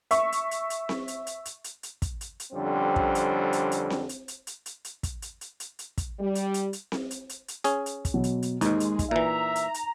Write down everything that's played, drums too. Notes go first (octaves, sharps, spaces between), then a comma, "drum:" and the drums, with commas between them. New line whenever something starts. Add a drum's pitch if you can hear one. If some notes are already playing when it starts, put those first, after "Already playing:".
E5 C#6, drum: hi-hat
drum: hi-hat
drum: hi-hat
drum: hi-hat
drum: snare C4
drum: hi-hat
drum: hi-hat
drum: hi-hat
drum: hi-hat
drum: hi-hat
drum: kick, hi-hat
drum: hi-hat
drum: hi-hat
F2 D3 G3 C4 C#4
drum: kick
drum: hi-hat
drum: hi-hat
drum: hi-hat
drum: snare C4
drum: hi-hat
drum: hi-hat
drum: hi-hat
drum: hi-hat
drum: hi-hat
drum: kick, hi-hat
drum: hi-hat
drum: hi-hat
drum: hi-hat
drum: hi-hat
drum: kick, hi-hat
G3
drum: hi-hat
drum: hi-hat
drum: hi-hat
drum: snare C4
drum: hi-hat
drum: hi-hat
drum: hi-hat
C#4 G#4, drum: hi-hat
drum: hi-hat
drum: kick, hi-hat
B2 F#3
drum: hi-hat
drum: hi-hat
D#2 G#2 G#3 D#4, drum: hi-hat
drum: hi-hat
drum: kick, hi-hat
A#2 E3 E5 A#5
drum: hi-hat
drum: hi-hat